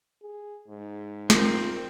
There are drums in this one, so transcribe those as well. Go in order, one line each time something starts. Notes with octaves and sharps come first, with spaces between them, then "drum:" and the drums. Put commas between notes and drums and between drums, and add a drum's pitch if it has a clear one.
G#4
G#2
C4 F4 A#4, drum: snare